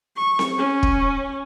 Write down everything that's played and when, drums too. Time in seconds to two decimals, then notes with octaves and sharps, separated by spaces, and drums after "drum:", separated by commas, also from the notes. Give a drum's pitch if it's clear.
0.17 C#6
0.39 drum: snare C4
0.58 C#4
0.83 drum: kick